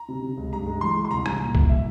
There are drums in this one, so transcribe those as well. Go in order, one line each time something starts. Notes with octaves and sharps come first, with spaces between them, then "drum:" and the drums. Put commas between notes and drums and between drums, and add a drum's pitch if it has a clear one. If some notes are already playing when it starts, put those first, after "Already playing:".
Already playing: A#5
C3
C3
C#2
G2 A#5
G#3
E3 C6
G#3
C6
C2 A#5
C2, drum: rim click
A#2
C2, drum: kick C2
E3 E5